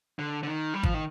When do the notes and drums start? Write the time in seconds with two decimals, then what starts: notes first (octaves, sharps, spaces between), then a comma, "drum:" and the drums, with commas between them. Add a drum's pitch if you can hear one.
0.19 D3
0.43 D3
0.47 D#3
0.74 G3
0.83 F3, drum: kick G#1
0.94 D#3